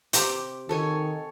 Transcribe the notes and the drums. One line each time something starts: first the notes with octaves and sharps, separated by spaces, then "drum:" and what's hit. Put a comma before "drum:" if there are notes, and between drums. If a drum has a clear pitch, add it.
C3 G4, drum: hi-hat
D#3 A4 C#5 G#5